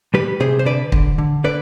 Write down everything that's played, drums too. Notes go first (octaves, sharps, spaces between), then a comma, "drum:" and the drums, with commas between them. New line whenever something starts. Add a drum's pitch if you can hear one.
G3 G4 B4
C3 G#4 C5
C5
D3 B4 D5
D3, drum: kick
D3
D3 B4 D5